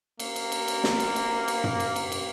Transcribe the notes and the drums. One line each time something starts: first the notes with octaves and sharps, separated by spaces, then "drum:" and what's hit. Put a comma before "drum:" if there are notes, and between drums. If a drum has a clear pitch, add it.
A#3, drum: cymbal
drum: cymbal
drum: cymbal
drum: cymbal
drum: snare
drum: cymbal
drum: cymbal
drum: cymbal
drum: tom
drum: cymbal
drum: cymbal
drum: cymbal